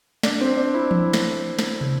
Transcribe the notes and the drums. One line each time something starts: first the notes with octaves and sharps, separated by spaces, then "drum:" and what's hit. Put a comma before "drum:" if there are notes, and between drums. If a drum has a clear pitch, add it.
D4, drum: snare
C4
D4
E4
drum: tom E3
drum: snare
drum: snare
drum: tom